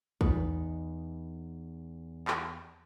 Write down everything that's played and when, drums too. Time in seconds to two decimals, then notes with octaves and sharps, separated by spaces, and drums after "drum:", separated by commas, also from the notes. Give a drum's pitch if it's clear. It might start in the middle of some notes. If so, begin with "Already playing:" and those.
0.21 E2 D#4 B4, drum: kick
2.28 drum: clap